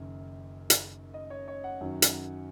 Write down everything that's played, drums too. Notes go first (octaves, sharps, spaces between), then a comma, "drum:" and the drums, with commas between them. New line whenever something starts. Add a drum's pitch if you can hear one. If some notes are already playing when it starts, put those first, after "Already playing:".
Already playing: F#1 F#2 D#3
drum: hi-hat
D#5
C#5
C#5
F#5
F#2 D#3 F#3
drum: hi-hat